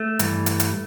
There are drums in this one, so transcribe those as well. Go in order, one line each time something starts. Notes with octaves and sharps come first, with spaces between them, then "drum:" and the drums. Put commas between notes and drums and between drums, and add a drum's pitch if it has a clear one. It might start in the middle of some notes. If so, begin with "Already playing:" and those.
Already playing: A3
G2 E3 G3, drum: hi-hat
drum: hi-hat
drum: hi-hat